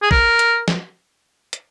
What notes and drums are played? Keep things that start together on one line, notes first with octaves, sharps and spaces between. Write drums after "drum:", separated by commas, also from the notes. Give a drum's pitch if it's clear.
G#4
A#4, drum: kick
drum: hi-hat
drum: snare
drum: hi-hat